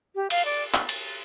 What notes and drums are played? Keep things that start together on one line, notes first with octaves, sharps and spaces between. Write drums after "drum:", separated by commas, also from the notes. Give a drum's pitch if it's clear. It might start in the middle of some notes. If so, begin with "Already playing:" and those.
G4
F5, drum: cymbal
D5
drum: clap
drum: cymbal